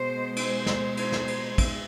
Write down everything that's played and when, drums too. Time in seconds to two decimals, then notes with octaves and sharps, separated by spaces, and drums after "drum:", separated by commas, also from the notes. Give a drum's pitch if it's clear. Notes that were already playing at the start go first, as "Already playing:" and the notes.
Already playing: B2 G#3 C5
0.36 C5, drum: cymbal
0.66 drum: snare
0.97 C5, drum: cymbal
1.12 drum: snare
1.28 drum: cymbal
1.58 drum: kick, cymbal